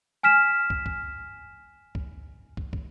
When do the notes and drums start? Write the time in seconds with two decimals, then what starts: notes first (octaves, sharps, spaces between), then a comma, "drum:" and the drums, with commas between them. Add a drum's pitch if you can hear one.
0.23 G#5 F6 B6 E7
0.70 drum: kick
0.86 drum: kick
1.95 drum: kick
2.57 drum: kick
2.73 drum: kick